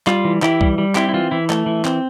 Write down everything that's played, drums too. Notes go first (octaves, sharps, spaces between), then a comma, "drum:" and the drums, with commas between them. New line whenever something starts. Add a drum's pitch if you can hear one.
G3 F4, drum: clap
E3
E3 E4 G4, drum: clap
G3, drum: kick
G3
C4 E4 G4, drum: clap
E4
E3 F4
E3 E4
A3, drum: clap
E3
C4, drum: clap